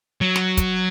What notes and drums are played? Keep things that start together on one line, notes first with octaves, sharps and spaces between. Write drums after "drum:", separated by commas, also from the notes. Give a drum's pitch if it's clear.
F#3
drum: snare
drum: kick, hi-hat